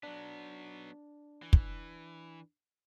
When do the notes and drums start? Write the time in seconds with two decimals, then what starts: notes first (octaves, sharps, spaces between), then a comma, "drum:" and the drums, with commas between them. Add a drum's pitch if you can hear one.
0.03 F#3 B3 D4
1.42 E3
1.53 drum: kick